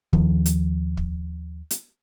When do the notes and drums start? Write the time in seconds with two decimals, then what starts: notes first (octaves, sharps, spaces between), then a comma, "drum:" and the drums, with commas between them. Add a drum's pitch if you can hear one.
0.13 D#2 D#3 F3, drum: kick
0.46 drum: hi-hat
0.97 drum: kick
1.71 drum: hi-hat